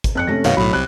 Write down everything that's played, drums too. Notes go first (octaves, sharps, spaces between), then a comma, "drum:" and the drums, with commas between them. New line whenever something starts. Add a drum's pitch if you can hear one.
drum: kick, hi-hat
F2 F#6 C#7
C3 A3 C#4 A#6
F#2 B2 D#3 C#5 F5, drum: hi-hat
B1 A2 F#3 B5
C2 C3 F#6